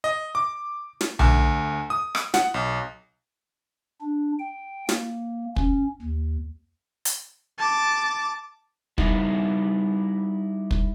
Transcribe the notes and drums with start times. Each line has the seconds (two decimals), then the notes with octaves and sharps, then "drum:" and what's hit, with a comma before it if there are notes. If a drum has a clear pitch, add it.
0.04 D#5
0.35 D6
1.01 drum: snare
1.19 D2, drum: tom B1
1.90 D#6
2.15 drum: rim click
2.34 F#5, drum: snare
2.54 B1
4.01 D4
4.39 G5
4.89 A#3, drum: snare
5.56 C#4, drum: kick
6.02 D#2
7.05 drum: hi-hat
7.58 A5 D6
8.98 G3 D#4 E4 F#4, drum: kick
10.71 drum: kick